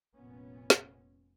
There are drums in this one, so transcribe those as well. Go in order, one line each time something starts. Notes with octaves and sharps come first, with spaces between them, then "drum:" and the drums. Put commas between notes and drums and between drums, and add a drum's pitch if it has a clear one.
F1 A#2 B3 C#4
drum: snare